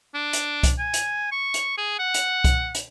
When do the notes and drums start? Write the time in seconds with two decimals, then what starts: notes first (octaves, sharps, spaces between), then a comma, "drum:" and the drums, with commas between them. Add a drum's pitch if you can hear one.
0.14 D4
0.33 drum: hi-hat
0.63 drum: kick C2, hi-hat
0.79 G#5
0.94 drum: hi-hat
1.32 C#6
1.54 drum: hi-hat
1.78 G#4
1.99 F#5
2.14 drum: hi-hat
2.44 drum: kick C2, hi-hat
2.75 drum: hi-hat